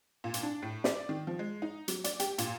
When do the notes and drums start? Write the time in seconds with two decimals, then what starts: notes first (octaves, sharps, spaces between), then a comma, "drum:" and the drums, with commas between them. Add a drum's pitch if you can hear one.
0.24 A#2
0.34 drum: hi-hat
0.43 D4
0.62 A2
0.84 D5, drum: snare
1.09 D#3
1.27 F3
1.39 G#3
1.62 D#4
1.88 F#3, drum: hi-hat
2.04 D5, drum: hi-hat
2.20 G4, drum: hi-hat
2.38 A#2, drum: hi-hat